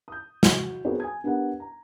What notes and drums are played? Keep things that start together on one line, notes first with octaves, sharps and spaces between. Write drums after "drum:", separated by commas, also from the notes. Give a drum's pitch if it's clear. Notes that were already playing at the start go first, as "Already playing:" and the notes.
D#6 G6
F#4, drum: snare
B3 C4 F#4 G#4 A#4 C#5
G#5 D#6 G#6
B3 D4 G4 A#4 F#5
A#5